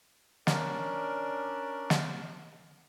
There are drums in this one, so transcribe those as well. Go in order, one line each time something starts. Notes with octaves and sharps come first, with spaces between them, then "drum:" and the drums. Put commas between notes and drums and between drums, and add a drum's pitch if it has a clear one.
C#4 D4 A#4 D5, drum: snare
drum: snare